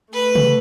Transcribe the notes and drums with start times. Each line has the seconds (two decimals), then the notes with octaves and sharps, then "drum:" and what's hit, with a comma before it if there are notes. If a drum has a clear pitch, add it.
0.13 A3 B4
0.35 drum: tom C3